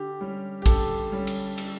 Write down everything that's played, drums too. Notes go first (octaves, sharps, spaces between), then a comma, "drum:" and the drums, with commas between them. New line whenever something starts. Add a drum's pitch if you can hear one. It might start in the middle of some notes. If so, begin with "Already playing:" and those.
Already playing: D3 G4
G3 C#4
G4
D3 A4, drum: kick, cymbal
G3 C#4
drum: cymbal
drum: cymbal